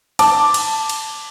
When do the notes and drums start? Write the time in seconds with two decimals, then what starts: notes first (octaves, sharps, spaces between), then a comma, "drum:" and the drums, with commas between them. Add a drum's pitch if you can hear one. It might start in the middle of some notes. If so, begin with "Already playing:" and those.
0.19 A5 D6, drum: cymbal
0.54 drum: cymbal
0.89 drum: cymbal